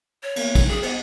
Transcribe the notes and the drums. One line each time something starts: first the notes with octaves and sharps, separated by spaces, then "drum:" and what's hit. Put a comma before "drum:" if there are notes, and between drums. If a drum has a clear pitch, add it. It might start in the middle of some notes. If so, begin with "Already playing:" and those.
C#5
E2 A#3, drum: cymbal
G2 F#3, drum: kick, cymbal
G#4
B3 C5 D#5, drum: cymbal